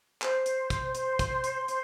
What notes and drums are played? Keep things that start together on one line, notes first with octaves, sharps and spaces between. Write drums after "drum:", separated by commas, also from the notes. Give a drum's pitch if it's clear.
C5, drum: clap
drum: hi-hat
C6
drum: kick, hi-hat
C5, drum: hi-hat
drum: kick, hi-hat
C6
drum: hi-hat
C5, drum: hi-hat